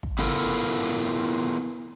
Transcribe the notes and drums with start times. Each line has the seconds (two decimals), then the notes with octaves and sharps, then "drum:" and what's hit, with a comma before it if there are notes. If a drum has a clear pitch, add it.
0.03 drum: kick
0.19 B3 E4 F4 A4 A#4, drum: tom C#3